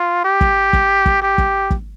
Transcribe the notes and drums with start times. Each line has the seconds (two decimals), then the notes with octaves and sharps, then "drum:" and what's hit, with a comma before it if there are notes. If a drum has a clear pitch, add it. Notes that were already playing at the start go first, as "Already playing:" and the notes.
Already playing: F4
0.24 G4
0.41 drum: kick
0.73 drum: kick
1.06 drum: kick
1.22 G4
1.38 drum: kick
1.70 drum: kick